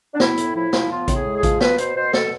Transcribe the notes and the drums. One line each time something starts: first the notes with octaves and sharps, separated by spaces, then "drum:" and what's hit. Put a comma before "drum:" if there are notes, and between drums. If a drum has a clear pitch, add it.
D4
B3 E4, drum: snare
A2, drum: hi-hat
F3 E4
F3, drum: snare
B3 F4
A2, drum: kick A1, hi-hat
G#4
G#3
G#4
F3, drum: kick A1, hi-hat
B3 B4, drum: snare
B2 C5, drum: hi-hat
B2 C5
B2 A4, drum: snare